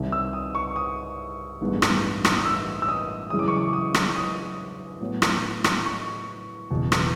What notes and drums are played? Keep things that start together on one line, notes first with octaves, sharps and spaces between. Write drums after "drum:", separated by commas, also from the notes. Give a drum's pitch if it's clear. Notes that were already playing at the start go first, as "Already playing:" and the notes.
Already playing: C2 C3 D#3
E6
D#6
C#6
D#6
A1 G2 D#3 G#3 B3
drum: rim click
drum: rim click
D#6
E6
E6
D#6
F#2 C#3 E3 G#3 C#4 D#6
D6
C#6
D6
D#6
drum: rim click
D#6
A2 F#3 B3
drum: rim click
drum: rim click
C#6
F#1 E2 B2
drum: rim click